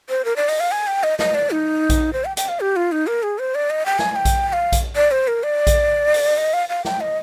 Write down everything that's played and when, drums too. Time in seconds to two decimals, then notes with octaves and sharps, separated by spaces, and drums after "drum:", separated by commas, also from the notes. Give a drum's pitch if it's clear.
0.09 C5
0.25 A#4
0.36 D5
0.48 D#5, drum: open hi-hat
0.60 F5
0.71 G#5
0.87 G5
1.03 D#5
1.19 D#5, drum: snare
1.35 D5
1.51 D#4
1.90 drum: kick A#1, hi-hat
2.13 C5
2.25 G5
2.37 G5, drum: hi-hat
2.49 F5
2.60 G4
2.76 F4
2.92 D#4
3.07 A#4
3.23 G#4
3.39 C5
3.55 D5
3.70 D#5
3.86 G5
3.99 G#5, drum: snare
4.11 G#5
4.16 G5
4.25 drum: kick A#1, hi-hat
4.49 G5
4.53 F5
4.72 drum: kick A#1, hi-hat
4.96 D5
5.11 C5
5.28 A#4
5.43 D5
5.67 drum: kick A#1, hi-hat
6.14 drum: open hi-hat
6.37 D#5
6.53 F5
6.69 F5
6.85 G5, drum: snare
7.01 D#5